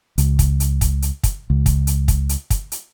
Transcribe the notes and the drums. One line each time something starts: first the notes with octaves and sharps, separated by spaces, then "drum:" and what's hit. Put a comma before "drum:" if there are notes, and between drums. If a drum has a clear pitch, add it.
C#2, drum: hi-hat
drum: kick, hi-hat
drum: hi-hat
drum: kick, hi-hat
drum: hi-hat
drum: kick, hi-hat
C#2
drum: kick, hi-hat
drum: hi-hat
drum: kick, hi-hat
drum: hi-hat
drum: kick, hi-hat
drum: hi-hat